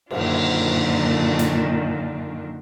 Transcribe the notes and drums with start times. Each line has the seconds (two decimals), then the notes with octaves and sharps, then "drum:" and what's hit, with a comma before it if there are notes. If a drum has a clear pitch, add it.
0.11 F#2 A#2 D3 D#3 D4 F4, drum: cymbal
1.39 drum: hi-hat